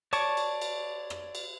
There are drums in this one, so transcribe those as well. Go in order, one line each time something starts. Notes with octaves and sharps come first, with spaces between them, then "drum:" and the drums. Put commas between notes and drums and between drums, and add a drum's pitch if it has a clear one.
C#5 D5 A5 C#6, drum: cymbal
drum: cymbal
drum: cymbal
drum: rim click
drum: cymbal